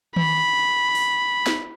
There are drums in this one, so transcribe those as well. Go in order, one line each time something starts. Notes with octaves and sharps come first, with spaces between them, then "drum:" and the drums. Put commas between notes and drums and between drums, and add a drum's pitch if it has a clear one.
B5, drum: tom D#3
drum: open hi-hat
drum: snare